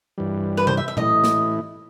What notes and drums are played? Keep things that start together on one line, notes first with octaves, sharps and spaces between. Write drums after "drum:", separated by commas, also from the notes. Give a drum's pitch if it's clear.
G2 E3 G3
B4
C5, drum: tom C3
E5
E5
A2 E3 A3 E4 D#5, drum: tom A#2
drum: snare